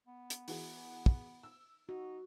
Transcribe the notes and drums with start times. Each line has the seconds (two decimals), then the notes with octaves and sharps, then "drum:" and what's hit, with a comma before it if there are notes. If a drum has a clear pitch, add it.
0.07 B3
0.30 drum: hi-hat
0.48 E3 F#4 G#4, drum: open hi-hat
1.06 drum: kick
1.43 E6
1.89 D#4 F#4